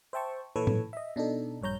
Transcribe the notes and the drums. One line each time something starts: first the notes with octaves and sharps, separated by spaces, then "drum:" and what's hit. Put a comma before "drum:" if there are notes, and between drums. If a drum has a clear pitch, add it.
C5 E5 G5 A5 C#6
A#2 E3 A4 B4 C#5 G#6
drum: tom A2
D#5 E5
B2 D4 D#4 A4
A#1 G2 C#5 A#5 G6